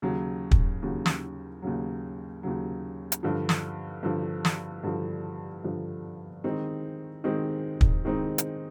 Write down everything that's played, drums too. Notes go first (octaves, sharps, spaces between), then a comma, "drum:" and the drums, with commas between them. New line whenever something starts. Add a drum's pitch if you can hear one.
D#2 C#3 F#3
drum: kick
D#2 C#3 F#3
drum: snare
D#2 C#3 F#3
D#2 C#3 F#3
drum: hi-hat
G2 D3 F3
drum: snare
G2 D3 F3
drum: snare
G2 D3 F3
G2 D3 F3
D#3 G#3 C4 D#4
D#3 G#3 C4 D#4
drum: kick
D#3 G#3 C4 D#4
drum: hi-hat